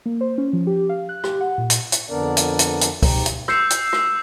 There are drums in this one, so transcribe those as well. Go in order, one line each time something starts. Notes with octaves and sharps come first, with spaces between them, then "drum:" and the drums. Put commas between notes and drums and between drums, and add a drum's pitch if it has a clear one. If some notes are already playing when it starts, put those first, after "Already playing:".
A#3
C5
C#4
F3
G4
F5
F#6
G4, drum: rim click
F#5
A#2
drum: hi-hat
drum: hi-hat
F2 D3 B3 D4 A#4 D5
drum: hi-hat
drum: hi-hat
drum: hi-hat
G#2 G4 A#5, drum: kick, open hi-hat
drum: hi-hat
E6 G6 C7 C#7 E7, drum: rim click
drum: hi-hat
drum: rim click